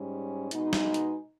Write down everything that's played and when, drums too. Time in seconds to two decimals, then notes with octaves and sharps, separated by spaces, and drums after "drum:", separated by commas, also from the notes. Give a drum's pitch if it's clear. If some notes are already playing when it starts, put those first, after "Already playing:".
Already playing: G#2 G3 C#4
0.51 B2 G#3 B3 D#4, drum: hi-hat
0.73 drum: snare
0.94 drum: hi-hat